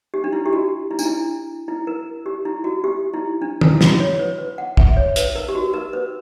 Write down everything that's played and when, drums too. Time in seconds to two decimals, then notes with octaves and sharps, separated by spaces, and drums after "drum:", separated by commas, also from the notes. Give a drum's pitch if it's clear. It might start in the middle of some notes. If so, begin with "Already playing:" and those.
0.14 G4
0.24 D4
0.33 E4
0.46 G4
0.53 F#4
0.91 E4
0.99 D4, drum: tambourine
1.05 E4
1.68 E4
1.87 A#4
2.26 G4
2.45 E4
2.64 F#4
2.84 G4
3.13 E4
3.42 D4
3.61 E4, drum: tom
3.81 F#4, drum: snare
4.00 C#5
4.19 B4
4.38 B4
4.58 F#5
4.77 E5, drum: kick
4.97 C#5
5.16 B4, drum: hi-hat
5.35 A#4
5.48 G4
5.55 F#4
5.74 A#4
5.93 B4